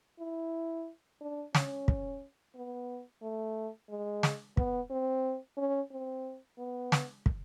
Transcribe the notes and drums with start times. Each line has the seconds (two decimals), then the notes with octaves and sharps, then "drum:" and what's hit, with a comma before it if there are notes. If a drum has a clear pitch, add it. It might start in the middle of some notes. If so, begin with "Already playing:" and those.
0.19 E4
1.21 D4
1.55 C#4, drum: snare
1.88 drum: kick
2.55 B3
3.22 A3
3.90 G#3
4.23 drum: snare
4.57 B3, drum: kick
4.91 C4
5.57 C#4
5.91 C4
6.58 B3
6.92 drum: snare
7.26 drum: kick